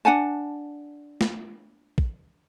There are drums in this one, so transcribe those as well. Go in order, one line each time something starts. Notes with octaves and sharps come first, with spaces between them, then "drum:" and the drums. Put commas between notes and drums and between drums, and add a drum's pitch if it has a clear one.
D4 F#5 G#5 A5
drum: snare
drum: kick